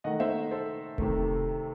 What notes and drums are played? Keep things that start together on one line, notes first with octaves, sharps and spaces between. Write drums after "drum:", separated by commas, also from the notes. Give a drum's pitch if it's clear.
D#3 A3 D#5 F#5
C5 E5, drum: tom A#3
A4 C5
C3 D#3 A3, drum: kick E1